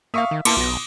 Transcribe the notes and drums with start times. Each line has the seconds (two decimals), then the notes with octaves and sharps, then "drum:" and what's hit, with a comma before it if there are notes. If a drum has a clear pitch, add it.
0.14 A#3 E5 F5 C#6 D#6
0.31 D#3
0.45 A#3 B3 E4 A5 C6 D6 C#7, drum: cymbal
0.57 B1 B2 A#6
0.69 D#6